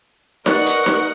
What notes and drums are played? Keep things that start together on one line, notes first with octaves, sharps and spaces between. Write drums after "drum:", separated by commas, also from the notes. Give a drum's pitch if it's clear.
A#4 B4 D5 D#5 F#5 C#6 F#6, drum: snare D#4
drum: hi-hat
drum: snare D#4